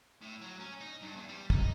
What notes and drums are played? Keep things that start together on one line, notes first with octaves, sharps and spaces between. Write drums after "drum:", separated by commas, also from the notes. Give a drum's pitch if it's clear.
A2
F#3
C#4
D#4
G2
E2
G3
D#4, drum: kick